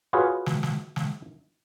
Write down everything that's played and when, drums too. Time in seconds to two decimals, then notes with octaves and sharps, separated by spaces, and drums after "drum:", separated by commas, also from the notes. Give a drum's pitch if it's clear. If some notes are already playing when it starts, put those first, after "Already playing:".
0.13 F4 F#4 G#4 B4 C#5
0.46 drum: snare
0.63 drum: snare
0.96 drum: snare